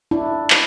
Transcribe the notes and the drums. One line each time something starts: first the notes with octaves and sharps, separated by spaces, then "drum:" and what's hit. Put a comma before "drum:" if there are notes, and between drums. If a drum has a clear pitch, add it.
D4 E4
drum: clap